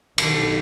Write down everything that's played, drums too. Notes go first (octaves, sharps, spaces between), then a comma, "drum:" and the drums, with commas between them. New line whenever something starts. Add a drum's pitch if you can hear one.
B1 B2 D#3, drum: cymbal